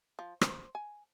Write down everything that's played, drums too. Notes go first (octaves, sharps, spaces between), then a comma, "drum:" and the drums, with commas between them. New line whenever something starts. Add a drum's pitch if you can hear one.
F3
C5, drum: rim click
G#5